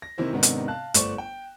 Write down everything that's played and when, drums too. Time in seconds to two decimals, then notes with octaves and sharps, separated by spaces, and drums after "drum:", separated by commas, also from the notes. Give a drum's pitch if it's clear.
0.02 A#6
0.18 C3 D#3 E3 E4 C5
0.33 G#2 C3 D#3 B3 C4 D4
0.43 drum: hi-hat
0.68 F5 A5 F#6
0.94 G1 A3 C5 D5 C#6 E7, drum: hi-hat
1.18 G5